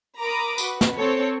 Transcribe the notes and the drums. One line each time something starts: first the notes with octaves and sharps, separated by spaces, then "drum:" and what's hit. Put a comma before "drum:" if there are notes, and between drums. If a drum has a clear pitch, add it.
A#4 A#5 B5 D6 D#6
F#4 B4, drum: tambourine
drum: snare
C4 A4 C#5